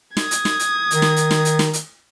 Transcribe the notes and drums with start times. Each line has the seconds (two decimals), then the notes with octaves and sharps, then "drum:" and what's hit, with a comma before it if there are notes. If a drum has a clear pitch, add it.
0.17 D#6 G#6, drum: snare
0.31 drum: hi-hat
0.45 drum: snare
0.59 drum: hi-hat
0.91 D#3, drum: hi-hat
1.02 drum: snare
1.16 drum: hi-hat
1.31 drum: snare
1.45 drum: hi-hat
1.59 drum: snare
1.73 drum: hi-hat